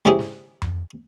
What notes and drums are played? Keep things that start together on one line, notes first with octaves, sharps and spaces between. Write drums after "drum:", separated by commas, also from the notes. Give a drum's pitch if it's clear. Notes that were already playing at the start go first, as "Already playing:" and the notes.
G#2 C#3 D4 E4 G4 G#4
drum: snare
drum: tom F2